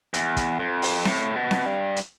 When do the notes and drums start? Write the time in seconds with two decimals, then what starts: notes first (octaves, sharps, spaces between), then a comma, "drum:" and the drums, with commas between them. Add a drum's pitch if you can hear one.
0.14 E2, drum: hi-hat
0.37 drum: kick, hi-hat
0.59 F2
0.82 drum: open hi-hat
1.05 A2, drum: snare C4
1.36 B2
1.51 drum: snare C4
1.66 G2
1.96 drum: hi-hat